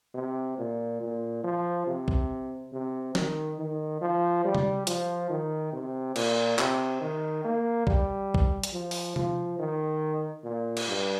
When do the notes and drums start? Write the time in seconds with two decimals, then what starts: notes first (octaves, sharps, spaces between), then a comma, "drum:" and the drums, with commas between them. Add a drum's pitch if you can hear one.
0.15 C3
0.58 A#2
1.01 A#2
1.44 F3
1.87 C3
2.08 drum: kick B1
2.72 C3
3.15 D#3, drum: snare
3.59 D#3
4.01 F3
4.44 G3
4.55 drum: tom C3
4.87 F3, drum: hi-hat
5.30 D#3
5.73 C3
6.16 A#2, drum: cymbal
6.59 C3, drum: clap
7.01 D#3
7.45 A#3
7.87 G3, drum: kick B1
8.34 drum: kick B1
8.63 drum: hi-hat
8.73 F3
8.91 drum: open hi-hat
9.16 F3, drum: tom C3
9.59 D#3
10.44 A#2
10.77 drum: cymbal
10.88 G2